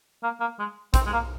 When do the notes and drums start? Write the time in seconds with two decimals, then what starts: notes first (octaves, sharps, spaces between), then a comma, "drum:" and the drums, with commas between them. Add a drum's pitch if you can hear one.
0.23 A#3
0.40 A#3
0.59 G#3
0.94 C4, drum: kick, hi-hat
1.06 G#3
1.13 A#3